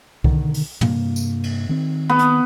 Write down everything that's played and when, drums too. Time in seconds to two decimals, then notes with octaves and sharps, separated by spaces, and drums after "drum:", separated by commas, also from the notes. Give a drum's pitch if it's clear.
0.24 B2 D3 D#3, drum: kick C2
0.54 drum: open hi-hat
0.81 G2 C3 A#3, drum: tom
1.16 drum: tambourine
1.43 drum: cymbal
1.69 D#3 C4
2.10 B3
2.19 drum: hi-hat